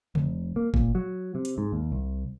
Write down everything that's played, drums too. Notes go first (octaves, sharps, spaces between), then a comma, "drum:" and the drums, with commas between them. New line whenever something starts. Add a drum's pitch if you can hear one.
F1, drum: tom C#3
A#3
A#2, drum: kick G1
F#3
C3
drum: hi-hat
G#2
D#2
C2